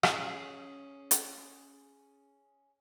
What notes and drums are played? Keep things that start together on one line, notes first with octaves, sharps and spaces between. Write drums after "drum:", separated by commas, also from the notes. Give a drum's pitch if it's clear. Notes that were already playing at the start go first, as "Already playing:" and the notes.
C#4 G#4, drum: rim click
drum: hi-hat